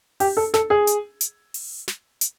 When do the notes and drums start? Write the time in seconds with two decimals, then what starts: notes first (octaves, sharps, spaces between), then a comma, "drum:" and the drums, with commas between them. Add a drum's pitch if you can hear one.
0.20 G4, drum: open hi-hat
0.37 A4
0.54 A4, drum: snare
0.70 G#4
0.87 drum: hi-hat
1.21 drum: hi-hat
1.54 drum: open hi-hat
1.88 drum: snare
2.21 drum: hi-hat